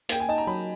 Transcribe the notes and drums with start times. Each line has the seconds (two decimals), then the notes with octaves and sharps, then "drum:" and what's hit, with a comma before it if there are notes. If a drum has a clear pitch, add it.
0.09 A#3 G5, drum: hi-hat
0.20 G#5
0.29 D#4 A5
0.38 A#5
0.47 F#3 B5